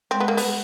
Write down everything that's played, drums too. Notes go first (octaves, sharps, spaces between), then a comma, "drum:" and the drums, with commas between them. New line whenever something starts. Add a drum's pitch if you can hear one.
G#3 C4
B3
A#3
B3, drum: open hi-hat